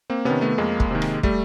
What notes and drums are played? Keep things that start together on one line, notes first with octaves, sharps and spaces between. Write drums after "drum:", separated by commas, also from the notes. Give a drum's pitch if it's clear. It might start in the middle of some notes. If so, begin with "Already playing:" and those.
A#3 C4
C3 D#3 B3 C#4
A3 B3
F2 G#3 A#3
drum: kick
C3 D#3
drum: rim click
G3 A3, drum: kick